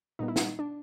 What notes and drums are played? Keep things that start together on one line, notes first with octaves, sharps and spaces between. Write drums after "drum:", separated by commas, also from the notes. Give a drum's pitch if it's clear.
A#2 G3 B3 D#4
E4
D#4, drum: snare
D4